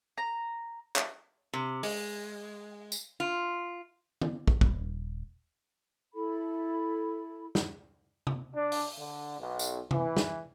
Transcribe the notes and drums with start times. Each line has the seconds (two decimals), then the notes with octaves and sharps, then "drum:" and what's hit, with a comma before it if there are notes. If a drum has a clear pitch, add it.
0.18 A#5
0.96 drum: clap
1.53 C3
1.83 G#3, drum: open hi-hat
2.92 drum: tambourine
3.20 F4
4.21 drum: tom D#3
4.48 drum: kick
4.61 D#1, drum: kick
6.14 E4 A4 B5
7.55 drum: snare
8.27 drum: tom C3
8.55 D4
8.72 drum: open hi-hat
8.99 D3
9.39 B1
9.59 drum: tambourine
9.91 E3, drum: tom C3
10.17 drum: snare